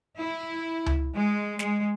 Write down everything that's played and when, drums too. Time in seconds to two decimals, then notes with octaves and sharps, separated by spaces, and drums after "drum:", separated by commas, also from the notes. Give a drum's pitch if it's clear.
0.18 E4
0.86 drum: tom C#2
1.15 G#3
1.59 G#3, drum: snare